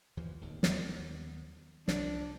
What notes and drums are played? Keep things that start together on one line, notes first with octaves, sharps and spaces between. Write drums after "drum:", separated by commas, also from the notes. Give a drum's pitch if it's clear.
D#2 E3 F3
D1 D#2
D#2 B3, drum: snare
C2 F3 D4, drum: snare